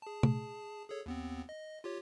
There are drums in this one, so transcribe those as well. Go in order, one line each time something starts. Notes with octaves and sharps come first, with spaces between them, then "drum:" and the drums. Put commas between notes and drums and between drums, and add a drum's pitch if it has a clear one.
G#4 A5
drum: tom C3
G#4 A4 C#5
D#2 B3 C4
D#5
F4 G4 C#5